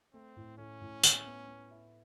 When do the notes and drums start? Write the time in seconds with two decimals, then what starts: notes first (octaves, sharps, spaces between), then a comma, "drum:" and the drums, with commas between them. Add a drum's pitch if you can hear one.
0.13 A3 C4
0.36 A2
0.58 A2 C#4
0.81 A2
1.03 E4, drum: tambourine
1.26 B3
1.48 B3
1.71 E4